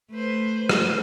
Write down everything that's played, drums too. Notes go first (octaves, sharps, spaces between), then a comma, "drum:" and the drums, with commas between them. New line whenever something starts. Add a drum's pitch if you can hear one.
A3 B4 C5
drum: rim click